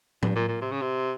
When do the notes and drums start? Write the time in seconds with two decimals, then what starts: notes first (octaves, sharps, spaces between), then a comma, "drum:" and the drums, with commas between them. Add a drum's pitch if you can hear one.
0.23 G2, drum: tom
0.36 A#2
0.49 A#2
0.62 C3
0.72 C#3
0.81 C3